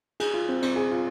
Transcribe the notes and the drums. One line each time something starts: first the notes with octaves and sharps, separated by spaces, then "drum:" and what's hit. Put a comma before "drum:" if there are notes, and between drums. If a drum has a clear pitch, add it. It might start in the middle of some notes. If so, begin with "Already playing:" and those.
G#4, drum: cymbal
F4
C4
C4, drum: cymbal
G#4
F4